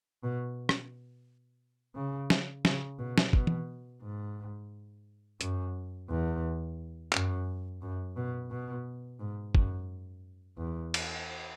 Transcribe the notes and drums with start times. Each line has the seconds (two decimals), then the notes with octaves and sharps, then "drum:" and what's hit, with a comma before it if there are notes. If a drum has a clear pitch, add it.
0.23 B2
0.69 drum: rim click
1.95 C#3
2.30 drum: snare
2.65 C#3, drum: snare
2.99 B2
3.18 drum: snare
3.33 B2, drum: kick
3.47 drum: tom E3
4.02 G#2
5.41 F#2, drum: hi-hat
6.09 E2
7.12 F#2, drum: clap
7.82 F#2
8.16 B2
8.51 B2
9.20 G#2
9.55 F#2, drum: kick
10.58 E2
10.94 drum: cymbal